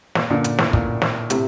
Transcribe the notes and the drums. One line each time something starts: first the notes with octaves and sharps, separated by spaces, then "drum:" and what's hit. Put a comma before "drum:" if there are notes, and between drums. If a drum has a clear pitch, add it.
A#2, drum: snare
A#2 D3
drum: hi-hat
A2, drum: snare
A#2, drum: kick
drum: snare
A2 C3, drum: hi-hat